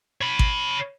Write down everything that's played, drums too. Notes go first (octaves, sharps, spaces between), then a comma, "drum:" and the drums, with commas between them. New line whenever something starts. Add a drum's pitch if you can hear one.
C#5 B5
drum: kick G#1